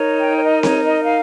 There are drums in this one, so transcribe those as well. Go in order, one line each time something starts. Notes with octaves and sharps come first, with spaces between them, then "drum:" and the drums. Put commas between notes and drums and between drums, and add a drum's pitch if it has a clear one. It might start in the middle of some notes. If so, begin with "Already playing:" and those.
Already playing: D#4 A#4 C#5
G5
C#5
D#5
C#5, drum: snare C4
D#5
F5